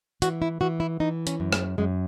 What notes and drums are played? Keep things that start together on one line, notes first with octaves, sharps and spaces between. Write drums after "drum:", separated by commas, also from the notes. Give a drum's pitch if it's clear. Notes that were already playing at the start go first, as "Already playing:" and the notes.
E3 F#4, drum: hi-hat
E4
E3 F#4
E4
E3 D#4
C#4, drum: hi-hat
F#2
drum: rim click
F#2 G#3